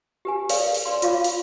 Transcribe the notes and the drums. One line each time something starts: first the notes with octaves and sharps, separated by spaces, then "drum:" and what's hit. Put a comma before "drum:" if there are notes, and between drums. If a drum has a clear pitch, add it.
G4 B4 G#5
G#4 A#4 B4 C#5 D5 F5, drum: open hi-hat
drum: open hi-hat
B4 D5 C6
F4 C#5 F5 D6, drum: hi-hat
drum: open hi-hat